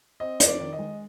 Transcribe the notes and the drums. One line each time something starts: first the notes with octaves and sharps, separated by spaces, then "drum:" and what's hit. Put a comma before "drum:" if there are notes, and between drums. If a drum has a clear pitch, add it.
C4 D#5
F2, drum: hi-hat
D5
D#3
D#5
G#3